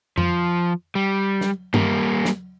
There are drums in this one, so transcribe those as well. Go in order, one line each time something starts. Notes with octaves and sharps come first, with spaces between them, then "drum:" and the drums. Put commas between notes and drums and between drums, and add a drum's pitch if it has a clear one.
F3, drum: tom F2
G3
drum: snare
G3 A#3, drum: tom
drum: snare